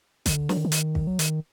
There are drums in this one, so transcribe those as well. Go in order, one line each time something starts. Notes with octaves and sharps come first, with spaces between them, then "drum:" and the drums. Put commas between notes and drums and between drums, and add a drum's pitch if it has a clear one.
D3, drum: kick, hi-hat
F#3, drum: snare
D#3
D3
D#3, drum: hi-hat
drum: kick
F#3
D#3, drum: hi-hat